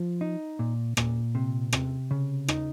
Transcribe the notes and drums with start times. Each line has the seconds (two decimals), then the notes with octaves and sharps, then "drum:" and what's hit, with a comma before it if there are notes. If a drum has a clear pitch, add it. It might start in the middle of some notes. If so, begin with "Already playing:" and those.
Already playing: F3
0.21 D#4
0.59 A#2
0.97 A#2, drum: rim click
1.35 C3
1.73 C3, drum: rim click
2.11 C#3
2.48 D#4, drum: rim click